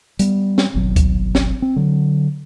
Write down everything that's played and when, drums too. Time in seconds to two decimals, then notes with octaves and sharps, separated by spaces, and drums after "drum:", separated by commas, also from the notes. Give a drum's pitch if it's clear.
0.19 G3 B3, drum: hi-hat
0.58 drum: snare
0.74 D#1 G#1 B2 F#3
0.96 drum: kick C#2, hi-hat
1.35 drum: snare
1.62 C4
1.76 D3 F#3